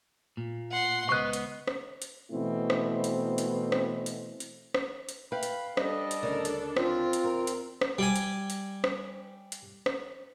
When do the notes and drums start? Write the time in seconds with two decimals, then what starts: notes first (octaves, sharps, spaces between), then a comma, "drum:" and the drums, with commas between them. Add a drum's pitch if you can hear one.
0.37 A#2
0.71 F#5 C6
1.09 C#2 B3 C5 D#5 C#6 F#6
1.33 drum: hi-hat
1.68 drum: rim click
2.02 drum: hi-hat
2.32 B2 E3 A3 C4 E4
2.70 drum: rim click
3.04 drum: hi-hat
3.38 drum: hi-hat
3.72 drum: rim click
4.06 drum: hi-hat
4.40 drum: hi-hat
4.74 drum: rim click
5.09 drum: hi-hat
5.32 B4 F5 G5 B5
5.43 drum: hi-hat
5.77 G3 D4 A4 D#5, drum: rim click
6.11 drum: hi-hat
6.23 D2 C#3 A#4 D5
6.45 drum: hi-hat
6.77 C4 F4, drum: rim click
7.13 drum: hi-hat
7.24 E2 A#4
7.47 drum: hi-hat
7.81 drum: rim click
7.99 G3 G#5
8.16 drum: hi-hat
8.50 drum: hi-hat
8.84 drum: rim click
9.52 drum: hi-hat
9.86 drum: rim click